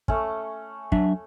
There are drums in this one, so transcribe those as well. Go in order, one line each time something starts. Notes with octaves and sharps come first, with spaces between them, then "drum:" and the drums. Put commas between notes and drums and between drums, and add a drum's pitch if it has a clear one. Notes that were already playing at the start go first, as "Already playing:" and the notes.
A3 C#4, drum: kick
F#3 D4 E5, drum: kick